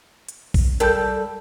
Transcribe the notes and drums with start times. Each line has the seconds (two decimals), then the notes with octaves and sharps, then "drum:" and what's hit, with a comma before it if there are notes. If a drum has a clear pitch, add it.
0.29 drum: hi-hat
0.54 drum: kick, open hi-hat
0.80 G3 A4 A#4 G6, drum: hi-hat